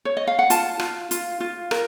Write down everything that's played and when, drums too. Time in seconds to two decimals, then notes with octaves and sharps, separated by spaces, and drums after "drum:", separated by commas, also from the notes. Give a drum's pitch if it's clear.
0.05 C#5
0.17 D#5
0.27 F5
0.39 F#5
0.50 F4 A5, drum: hi-hat
0.80 F4, drum: rim click
1.11 F4, drum: hi-hat
1.40 F4
1.71 A#4, drum: rim click